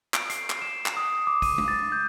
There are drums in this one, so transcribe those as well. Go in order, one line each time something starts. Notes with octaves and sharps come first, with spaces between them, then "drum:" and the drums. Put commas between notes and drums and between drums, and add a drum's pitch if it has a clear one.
D7, drum: clap
C7, drum: hi-hat
drum: clap
E7
drum: clap
D#6
D6
D#7, drum: kick, open hi-hat
drum: tom G#3
A6
G6